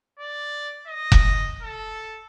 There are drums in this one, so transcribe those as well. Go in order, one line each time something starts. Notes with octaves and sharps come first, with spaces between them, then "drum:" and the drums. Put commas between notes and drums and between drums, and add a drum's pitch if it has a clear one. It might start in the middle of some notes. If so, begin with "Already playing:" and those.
D5
D#5
drum: kick F1
A4